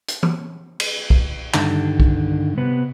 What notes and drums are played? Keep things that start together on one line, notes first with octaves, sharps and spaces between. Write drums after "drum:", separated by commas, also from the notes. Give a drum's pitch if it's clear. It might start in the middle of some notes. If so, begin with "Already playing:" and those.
drum: hi-hat
drum: tom E3
drum: cymbal
drum: kick B1
G2 D3 D#3, drum: clap
drum: kick B1
C3 B3 B4